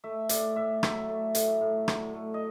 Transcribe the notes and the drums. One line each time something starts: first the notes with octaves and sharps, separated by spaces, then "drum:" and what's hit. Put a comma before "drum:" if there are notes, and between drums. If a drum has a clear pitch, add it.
A3 E5
A2 D5, drum: hi-hat
A2 E5
F#3 E5, drum: rim click
A3
A2, drum: hi-hat
A2
F#3, drum: rim click
A3
D#5